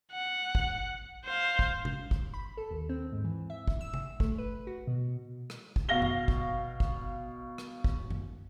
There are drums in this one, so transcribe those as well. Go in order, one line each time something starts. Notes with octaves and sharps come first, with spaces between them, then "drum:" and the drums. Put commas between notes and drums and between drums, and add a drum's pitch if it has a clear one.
F#5
drum: kick
C5 F5
drum: kick
drum: tom C3
drum: kick
B5
A4
D#2
C4
G#2
E3
E5
drum: kick
E6
drum: tom C3
A3, drum: kick
B4
F#4
B2
drum: rim click
drum: kick
B2 F5 A#6 G7
drum: tom F#2
drum: kick
drum: kick
drum: rim click
drum: kick
drum: tom F#2